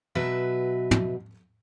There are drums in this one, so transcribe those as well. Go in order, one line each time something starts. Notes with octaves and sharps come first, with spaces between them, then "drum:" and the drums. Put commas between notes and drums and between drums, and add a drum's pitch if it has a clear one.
B2 F#3 B4 E5
drum: tom